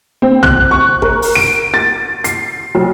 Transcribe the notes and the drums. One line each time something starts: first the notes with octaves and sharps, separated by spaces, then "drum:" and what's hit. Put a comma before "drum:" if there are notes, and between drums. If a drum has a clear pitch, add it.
C4
F#6, drum: tom B1
C#6
A#4, drum: kick G#1
drum: open hi-hat
D7
A6
C7, drum: hi-hat
B1